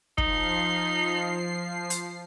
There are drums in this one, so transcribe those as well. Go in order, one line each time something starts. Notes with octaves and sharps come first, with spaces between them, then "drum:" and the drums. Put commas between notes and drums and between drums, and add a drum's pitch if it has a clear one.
F3 D#4 C7, drum: kick
drum: hi-hat